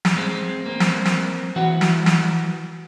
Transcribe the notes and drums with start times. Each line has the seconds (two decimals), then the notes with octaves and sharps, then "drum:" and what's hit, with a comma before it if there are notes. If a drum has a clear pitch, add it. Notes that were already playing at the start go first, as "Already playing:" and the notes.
0.05 drum: snare
0.16 G#3 C4
0.66 A#3 C4
0.80 drum: snare
1.05 drum: snare
1.56 E3 F#4 F#5
1.81 drum: snare
2.06 drum: snare